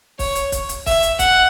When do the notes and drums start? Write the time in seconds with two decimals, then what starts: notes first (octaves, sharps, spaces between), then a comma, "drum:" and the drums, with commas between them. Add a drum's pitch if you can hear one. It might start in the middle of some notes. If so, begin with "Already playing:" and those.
0.19 C#5, drum: kick, open hi-hat
0.35 drum: hi-hat
0.52 drum: kick, hi-hat
0.69 drum: hi-hat
0.86 E5, drum: kick, open hi-hat
1.03 drum: hi-hat
1.19 F#5, drum: kick, hi-hat